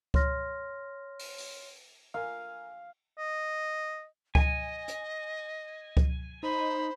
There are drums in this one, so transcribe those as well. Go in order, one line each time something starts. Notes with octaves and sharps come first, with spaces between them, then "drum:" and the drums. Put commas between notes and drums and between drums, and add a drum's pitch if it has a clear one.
C#5 C6 F6 A#6, drum: kick C#2
drum: open hi-hat
drum: open hi-hat
A#4 F5 G#5
D#5
D#5 G#5, drum: kick C#2
drum: hi-hat
drum: kick C#2
D#4 C5 B5